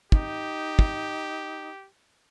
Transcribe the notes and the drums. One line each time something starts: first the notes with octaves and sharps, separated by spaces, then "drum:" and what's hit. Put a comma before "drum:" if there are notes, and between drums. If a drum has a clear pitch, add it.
D#4 G4, drum: kick
drum: kick